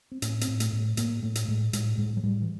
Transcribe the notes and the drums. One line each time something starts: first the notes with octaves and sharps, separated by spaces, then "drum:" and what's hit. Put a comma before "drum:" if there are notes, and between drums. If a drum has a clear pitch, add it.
C4
A2 C#4, drum: hi-hat
C4, drum: hi-hat
A2
A3, drum: hi-hat
A2
A3
A2 A#3, drum: hi-hat
A2 A3
drum: hi-hat
A2 G#3
A2 G#3, drum: hi-hat
A2 G#3
F#3
A2 G3
E3